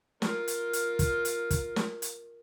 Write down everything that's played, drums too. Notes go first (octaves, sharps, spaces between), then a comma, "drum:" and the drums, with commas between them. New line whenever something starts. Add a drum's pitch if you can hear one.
F4 A#4, drum: snare
drum: hi-hat
drum: hi-hat
drum: kick, hi-hat
drum: hi-hat
drum: kick, hi-hat
drum: snare
drum: hi-hat